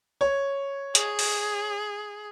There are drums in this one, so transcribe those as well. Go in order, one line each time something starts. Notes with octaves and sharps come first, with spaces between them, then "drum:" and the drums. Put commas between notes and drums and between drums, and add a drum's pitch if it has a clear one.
C#5
G#4, drum: hi-hat
drum: open hi-hat